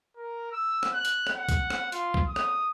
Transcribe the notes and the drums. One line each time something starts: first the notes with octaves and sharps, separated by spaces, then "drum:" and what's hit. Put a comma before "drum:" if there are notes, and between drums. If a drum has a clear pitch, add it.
A#4
E6
drum: rim click
F#6
drum: hi-hat
drum: rim click
F#5
drum: kick B1, hi-hat
drum: rim click
F4, drum: hi-hat
drum: kick B1
D#6
drum: rim click